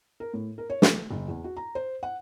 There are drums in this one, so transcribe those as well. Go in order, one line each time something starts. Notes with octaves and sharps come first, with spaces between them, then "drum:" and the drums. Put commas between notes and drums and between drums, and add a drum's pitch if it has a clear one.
A#4
A2
A#4
C#5
A3, drum: snare
F#1
E2
F#4
A#5
C5
F#5